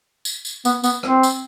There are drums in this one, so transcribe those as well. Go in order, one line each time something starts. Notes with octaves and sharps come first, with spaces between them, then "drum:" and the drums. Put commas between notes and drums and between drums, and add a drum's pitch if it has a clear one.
drum: tambourine
drum: tambourine
B3, drum: tambourine
B3, drum: tambourine
C4, drum: rim click
drum: tambourine